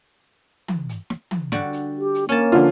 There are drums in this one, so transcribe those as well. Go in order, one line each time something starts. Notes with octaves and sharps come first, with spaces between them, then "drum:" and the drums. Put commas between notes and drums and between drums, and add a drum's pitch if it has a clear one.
drum: tom
drum: hi-hat
drum: snare
drum: tom
D3 G3 F#4, drum: snare
drum: hi-hat
G4
drum: hi-hat
A#3 C#4 A5
D3 F3 F4